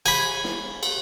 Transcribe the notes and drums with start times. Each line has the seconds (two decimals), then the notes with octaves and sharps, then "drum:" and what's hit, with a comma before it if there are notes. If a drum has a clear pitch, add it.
0.06 G#5 B5, drum: cymbal
0.44 drum: snare
0.83 drum: cymbal